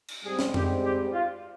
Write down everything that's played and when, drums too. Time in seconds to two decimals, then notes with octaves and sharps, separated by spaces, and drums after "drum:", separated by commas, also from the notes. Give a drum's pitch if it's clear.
0.08 drum: cymbal
0.24 G#2 G3 C4 G#4
0.39 drum: snare
0.54 G4, drum: tom F2
0.84 G4
1.13 F4